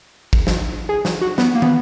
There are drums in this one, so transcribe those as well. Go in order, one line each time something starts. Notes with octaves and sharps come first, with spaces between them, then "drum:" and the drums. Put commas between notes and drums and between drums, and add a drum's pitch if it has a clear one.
drum: kick
drum: snare
G#4
drum: snare
F#4
B3, drum: snare
A#3
B3, drum: tom